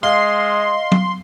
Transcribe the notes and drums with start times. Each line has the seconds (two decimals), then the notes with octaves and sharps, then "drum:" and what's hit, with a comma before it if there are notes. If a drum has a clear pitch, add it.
0.03 G#3 D#5 F5 C6
0.92 drum: tom